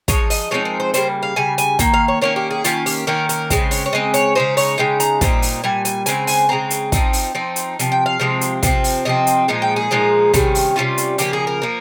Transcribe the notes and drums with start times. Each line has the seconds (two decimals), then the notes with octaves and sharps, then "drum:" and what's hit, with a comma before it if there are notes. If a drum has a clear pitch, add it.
0.08 F3 G#3 D#4 C#5, drum: kick, hi-hat
0.30 D#5, drum: open hi-hat
0.51 F3 G#3 C4 D#4 C#5
0.65 A#4
0.80 C5
0.94 C#3 G3 A#3 C5, drum: hi-hat
1.23 F5
1.36 C#3 G3 G#5
1.58 G#5, drum: hi-hat
1.79 D#3 A#3 G5, drum: kick, hi-hat
1.94 F5
2.08 C#5
2.22 D#3 A#3 C#4 C#5
2.36 G4
2.51 G#4
2.64 D#3 A#3 C#4 F4, drum: hi-hat
2.86 G4, drum: open hi-hat
3.07 D#3 A#3 C#4 A#4
3.29 A#4, drum: hi-hat
3.50 C#3 G#3 C4, drum: kick, hi-hat
3.71 C#5, drum: open hi-hat
3.86 C#5
3.93 C#3 G#3 C4 D#5
4.14 C#5, drum: hi-hat
4.35 C#3 G#3 D#4 C5
4.57 C#5, drum: open hi-hat
4.78 C#3 G#3 D#4 G5
5.00 A#5, drum: hi-hat
5.21 A#2 G3 C4 D#4, drum: kick, hi-hat
5.42 drum: open hi-hat
5.64 A#2 G3 G#5
5.85 G#5, drum: hi-hat
6.06 C#3 G#3 C4 G#5, drum: hi-hat
6.27 G#5, drum: open hi-hat
6.49 C#3 G#3 C4 A#5
6.70 drum: hi-hat
6.92 F3 C4 D#4, drum: kick, hi-hat
7.13 drum: open hi-hat
7.35 F3 C4 D#4
7.56 drum: hi-hat
7.79 C3 F3, drum: hi-hat
7.92 G5
8.06 F5
8.20 C3 F3 G#3 C4
8.41 drum: hi-hat
8.63 C3 F3 C4, drum: kick, hi-hat
8.84 drum: open hi-hat
9.05 C3 F3 C4 D#5
9.27 drum: hi-hat
9.48 A#2 F3 G#3 D#4
9.62 G5
9.76 G#4
9.91 A#2 F3 G#3 D#4
10.34 C3 D#3 G3 C#4, drum: kick, hi-hat
10.55 drum: open hi-hat
10.76 C3 D#3 G3 C#4 F4
10.98 drum: hi-hat
11.18 C#3 F3 A#3 G4, drum: hi-hat
11.33 G#4
11.47 A#4
11.62 F3 A#3